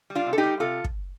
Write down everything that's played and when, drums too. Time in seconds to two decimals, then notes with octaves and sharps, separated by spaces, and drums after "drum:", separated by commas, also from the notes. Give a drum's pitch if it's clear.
0.10 G3
0.15 D4 F4
0.27 C3
0.33 A4
0.38 D#4 G4
0.43 G3
0.60 C3 F4 A4
0.84 drum: kick